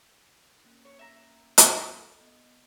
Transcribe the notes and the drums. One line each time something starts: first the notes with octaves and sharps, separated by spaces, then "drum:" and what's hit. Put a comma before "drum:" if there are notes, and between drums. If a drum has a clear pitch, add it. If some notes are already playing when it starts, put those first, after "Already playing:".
A#3 C#4
C#5
E5 A#5
drum: hi-hat
A4
B3 D#5